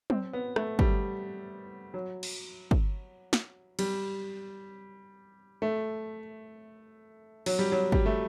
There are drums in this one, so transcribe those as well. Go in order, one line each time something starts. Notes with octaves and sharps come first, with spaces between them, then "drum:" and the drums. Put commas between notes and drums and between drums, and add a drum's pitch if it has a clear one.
C4, drum: tom F#3
B3
A3, drum: rim click
G3, drum: kick
F#3
drum: cymbal
drum: kick
drum: snare
G3, drum: cymbal
A3
F#3, drum: cymbal
G3
F#3
G3, drum: kick
A3